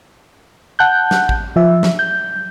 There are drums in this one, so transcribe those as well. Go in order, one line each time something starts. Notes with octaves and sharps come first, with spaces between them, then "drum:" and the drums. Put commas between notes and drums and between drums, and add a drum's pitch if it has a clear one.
F#5 A5 F#6 G6
drum: snare
drum: kick
F3 E5
drum: snare
G6